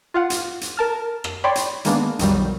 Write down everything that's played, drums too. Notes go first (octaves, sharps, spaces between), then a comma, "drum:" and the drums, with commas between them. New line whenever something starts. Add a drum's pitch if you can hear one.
F4 F5 F#5
drum: hi-hat
drum: hi-hat
A#4 A5 F6
drum: rim click
C#5 D5 G5 B5 C6
drum: hi-hat
D#3 G#3 A#3 B3 D4, drum: hi-hat
B1 F2 D#3 F#3 G3, drum: hi-hat